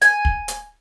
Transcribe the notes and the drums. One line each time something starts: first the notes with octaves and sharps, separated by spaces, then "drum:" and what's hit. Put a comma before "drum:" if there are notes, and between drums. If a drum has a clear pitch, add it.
G#5, drum: hi-hat
drum: kick
drum: hi-hat